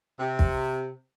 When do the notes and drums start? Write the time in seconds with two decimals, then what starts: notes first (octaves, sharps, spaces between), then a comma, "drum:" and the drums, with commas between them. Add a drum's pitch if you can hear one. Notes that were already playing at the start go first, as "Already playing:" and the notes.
0.19 C3
0.39 drum: kick